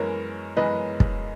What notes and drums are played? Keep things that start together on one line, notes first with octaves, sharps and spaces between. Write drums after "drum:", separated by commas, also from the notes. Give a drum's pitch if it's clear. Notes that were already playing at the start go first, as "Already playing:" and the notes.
Already playing: F#2 E3 G#3 B3 A#4 C#5
F#2 E3 G#3 B3 B4 D#5
drum: kick